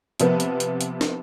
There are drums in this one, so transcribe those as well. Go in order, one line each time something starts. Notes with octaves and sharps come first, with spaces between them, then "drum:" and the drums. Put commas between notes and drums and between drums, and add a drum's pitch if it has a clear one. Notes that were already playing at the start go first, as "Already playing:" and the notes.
C3 F3 B3, drum: hi-hat
drum: hi-hat
drum: hi-hat
drum: hi-hat
drum: snare